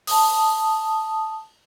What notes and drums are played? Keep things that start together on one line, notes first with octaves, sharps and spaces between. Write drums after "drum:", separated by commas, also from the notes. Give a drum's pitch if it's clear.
A5 D#6, drum: open hi-hat